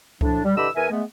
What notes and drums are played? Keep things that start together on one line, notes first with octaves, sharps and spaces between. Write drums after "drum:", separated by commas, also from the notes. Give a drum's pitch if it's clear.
A2 F3 D4, drum: kick C#2
G3
D3 E3 G4 D#5 B5 E6
E2 E3 A#4 E5 G#5
G#3 A3 B3